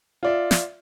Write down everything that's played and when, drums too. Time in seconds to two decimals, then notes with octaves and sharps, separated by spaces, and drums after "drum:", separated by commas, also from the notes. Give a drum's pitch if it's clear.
0.23 F4 D5 E5
0.51 drum: snare